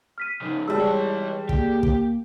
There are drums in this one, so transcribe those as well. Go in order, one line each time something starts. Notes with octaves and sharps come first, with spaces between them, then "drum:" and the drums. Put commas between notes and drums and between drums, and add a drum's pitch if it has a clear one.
F6 B6 D#7
C#3 F3 D#4
G3 G#3 D5 A5 E6
E3 B4 C#5 A5
A#3 G4, drum: kick
drum: kick